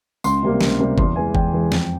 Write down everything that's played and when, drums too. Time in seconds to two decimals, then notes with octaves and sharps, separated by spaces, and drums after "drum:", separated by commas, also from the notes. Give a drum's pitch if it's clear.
0.24 C#2 C6, drum: tambourine
0.43 C3 G3 A#3
0.61 C#2, drum: snare
0.80 C3 G3 A#3
0.98 E2 C6, drum: kick F#1
1.16 E3 G#3 G#5
1.35 E2 G5, drum: kick F#1
1.53 E3 G#3
1.72 F2, drum: snare